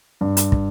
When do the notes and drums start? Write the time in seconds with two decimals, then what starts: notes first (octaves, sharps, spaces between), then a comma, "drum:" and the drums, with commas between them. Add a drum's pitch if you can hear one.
0.21 G2
0.37 drum: hi-hat
0.52 drum: kick